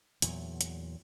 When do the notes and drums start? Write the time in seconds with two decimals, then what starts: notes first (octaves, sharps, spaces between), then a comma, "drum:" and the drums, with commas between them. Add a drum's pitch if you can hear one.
0.22 E2 A#2 F#3, drum: hi-hat
0.61 drum: hi-hat